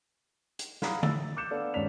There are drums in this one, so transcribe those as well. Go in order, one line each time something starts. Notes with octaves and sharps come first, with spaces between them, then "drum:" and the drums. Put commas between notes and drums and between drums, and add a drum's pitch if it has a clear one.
drum: hi-hat
F5 F#5 A#5 B5 D#6 F#6, drum: snare
E6 A6, drum: tom D3
D6 F#6 G6 C#7 E7
B3 D4 A4 D5 F5
D#2 G#2 C#4 D4 B6 F7